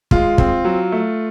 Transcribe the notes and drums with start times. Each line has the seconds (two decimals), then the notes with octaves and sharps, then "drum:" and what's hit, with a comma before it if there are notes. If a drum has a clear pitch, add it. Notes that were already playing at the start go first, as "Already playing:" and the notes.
0.11 G#3 F4, drum: kick
0.38 C4, drum: kick
0.65 F#3
0.92 A3